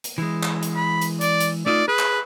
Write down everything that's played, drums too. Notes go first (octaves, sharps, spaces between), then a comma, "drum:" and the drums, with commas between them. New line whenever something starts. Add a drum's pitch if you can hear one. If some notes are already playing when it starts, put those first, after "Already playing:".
drum: hi-hat
E3 G#3
drum: clap
drum: hi-hat
B5
drum: hi-hat
D5, drum: hi-hat
drum: hi-hat
A3 D#4 F4 D5
G#4 B4
drum: clap